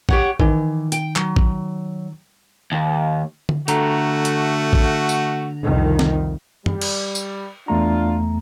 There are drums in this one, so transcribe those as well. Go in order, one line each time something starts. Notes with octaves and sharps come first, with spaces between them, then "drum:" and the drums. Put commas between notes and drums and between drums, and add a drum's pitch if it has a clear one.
G4 C#5 F#5, drum: kick
D#3 E3, drum: kick
G5, drum: hi-hat
F#3, drum: clap
drum: kick
D#2
drum: tom D3
D3 A3 F#4 A#5, drum: hi-hat
drum: hi-hat
drum: kick
drum: tambourine
C2 F2 D#3
drum: snare C4
G3, drum: tom
drum: cymbal
drum: tambourine
E2 A3 D4 F4 A#5